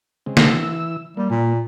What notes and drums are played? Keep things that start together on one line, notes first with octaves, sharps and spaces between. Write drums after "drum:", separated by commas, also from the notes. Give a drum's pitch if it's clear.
C#3 G#3 C4
drum: snare
E3 E6
G3 A#3
A#2